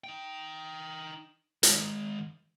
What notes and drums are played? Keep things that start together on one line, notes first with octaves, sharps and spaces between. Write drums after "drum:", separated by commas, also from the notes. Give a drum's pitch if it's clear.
D#4 G5
D#3 G#3, drum: hi-hat